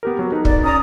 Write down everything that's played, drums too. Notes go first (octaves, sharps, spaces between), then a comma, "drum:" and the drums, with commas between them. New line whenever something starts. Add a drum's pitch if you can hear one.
B3 G4 A#4
F#3 B3
D#4 A4 B4
D5, drum: kick
C#4 D5 A#5 D#6